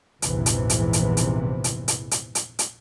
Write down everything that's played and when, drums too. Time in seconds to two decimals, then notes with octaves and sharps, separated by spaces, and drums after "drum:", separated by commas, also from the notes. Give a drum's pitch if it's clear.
0.22 A#1 E2 G#2 C3 E3, drum: hi-hat
0.46 drum: hi-hat
0.70 drum: hi-hat
0.93 drum: hi-hat
1.17 drum: hi-hat
1.64 drum: hi-hat
1.88 drum: hi-hat
2.11 drum: hi-hat
2.35 drum: hi-hat
2.59 drum: hi-hat